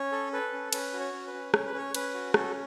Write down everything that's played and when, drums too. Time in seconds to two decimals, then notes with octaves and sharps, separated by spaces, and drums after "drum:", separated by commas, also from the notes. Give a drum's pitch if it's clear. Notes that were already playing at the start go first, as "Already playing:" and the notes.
Already playing: C#4 C#5
0.12 A4
0.32 A4 B4
0.53 C#4
0.73 C#4 B4, drum: cymbal
0.93 F#4
0.99 C#5
1.13 C#4
1.27 B4
1.33 C#4
1.54 C#4 C#5, drum: rim click
1.66 B4
1.74 C#4 C#5
1.95 C#4 B4, drum: cymbal
2.14 F#4
2.34 C#4 A4, drum: rim click